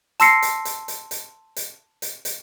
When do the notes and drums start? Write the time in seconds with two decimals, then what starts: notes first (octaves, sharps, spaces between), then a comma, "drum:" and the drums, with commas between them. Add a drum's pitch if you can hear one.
0.20 A5 C6 E6 A#6 C7 C#7, drum: hi-hat
0.42 drum: hi-hat
0.65 drum: hi-hat
0.88 drum: hi-hat
1.11 drum: hi-hat
1.56 drum: hi-hat
2.02 drum: hi-hat
2.25 drum: hi-hat